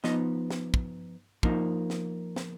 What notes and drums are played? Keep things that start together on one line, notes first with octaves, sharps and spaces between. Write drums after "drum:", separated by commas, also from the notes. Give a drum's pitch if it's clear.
F3 B3 D#4 D#5, drum: snare
drum: snare
drum: kick
F3 A#3 D#4, drum: kick
drum: snare
drum: snare